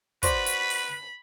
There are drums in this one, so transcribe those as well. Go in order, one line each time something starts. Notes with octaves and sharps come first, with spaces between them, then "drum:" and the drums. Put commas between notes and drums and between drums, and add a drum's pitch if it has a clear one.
F#4 B4 C5 D5 B5, drum: kick, hi-hat
drum: hi-hat
drum: open hi-hat